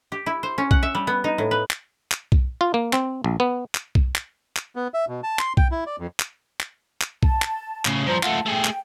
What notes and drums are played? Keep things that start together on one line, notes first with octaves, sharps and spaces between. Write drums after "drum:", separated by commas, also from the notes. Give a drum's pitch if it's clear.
G4
E4
C5
C#4
F#5, drum: kick B1
E5
G3
B3
D#4
A2
B4
drum: clap
drum: clap
drum: kick B1
F4
A#3
C4, drum: clap
A#1
B3
drum: clap
drum: kick B1
drum: clap
drum: clap
B3
E5
B2
A5
C6, drum: clap
G5, drum: kick B1
E4
D5
F2
drum: clap
drum: clap
drum: clap
A5, drum: kick B1
drum: clap
A2 C#3, drum: clap
G2 F3 C5 A#5
A3 F4 E5 F#5 A5, drum: clap
A3 G#4 G5
drum: clap